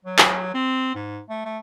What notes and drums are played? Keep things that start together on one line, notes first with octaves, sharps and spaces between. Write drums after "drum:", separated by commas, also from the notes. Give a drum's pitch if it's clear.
F#3
drum: clap
C4
G#2
A3
A3